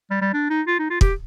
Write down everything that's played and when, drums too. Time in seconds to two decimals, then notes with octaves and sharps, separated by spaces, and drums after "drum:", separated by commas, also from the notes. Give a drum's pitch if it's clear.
0.11 G3
0.21 G3
0.33 D4
0.50 D#4
0.67 F4
0.79 D#4
0.90 F4
1.01 G4, drum: kick